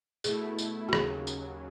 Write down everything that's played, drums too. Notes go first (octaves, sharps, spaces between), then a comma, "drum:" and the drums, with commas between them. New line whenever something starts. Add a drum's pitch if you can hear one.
B2 A3 E4 G#4, drum: tambourine
drum: tambourine
F#4
D#2 C#3 F#3 G#4, drum: rim click
drum: tambourine